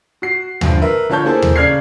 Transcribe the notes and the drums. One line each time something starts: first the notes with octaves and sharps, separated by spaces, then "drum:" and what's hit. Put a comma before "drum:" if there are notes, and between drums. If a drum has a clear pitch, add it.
F#4 C7
D2 G2 F3, drum: tom D#2
A#4 B4 E5
D3 F4 C#5 A5 G6
A#3 E4 G#4 A4 C5
drum: tom D#2
C#3 D5 F6 G#6 C7